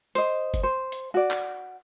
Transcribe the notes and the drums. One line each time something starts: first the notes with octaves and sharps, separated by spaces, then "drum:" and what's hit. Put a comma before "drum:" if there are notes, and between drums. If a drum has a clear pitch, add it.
C5 D#5, drum: hi-hat
drum: kick F#1, hi-hat
C5
drum: hi-hat
F#4 D5
drum: clap